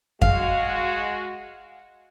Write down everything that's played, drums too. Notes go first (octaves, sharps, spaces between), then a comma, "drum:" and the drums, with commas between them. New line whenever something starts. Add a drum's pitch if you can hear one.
G#3 F#4 F5, drum: kick F2